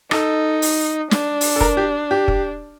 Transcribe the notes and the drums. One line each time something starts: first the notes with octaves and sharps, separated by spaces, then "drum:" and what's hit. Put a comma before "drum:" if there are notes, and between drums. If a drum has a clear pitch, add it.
D#4 A4, drum: rim click
drum: open hi-hat
D4, drum: snare
drum: open hi-hat
A4
A#4, drum: kick
G4
G4
drum: kick